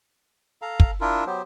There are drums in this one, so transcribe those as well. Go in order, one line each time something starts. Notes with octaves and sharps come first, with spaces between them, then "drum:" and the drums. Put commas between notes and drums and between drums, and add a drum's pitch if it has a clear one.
A4 F5 A#5
drum: kick
D4 E4 F4 A#4
F#3 B3 G4 C5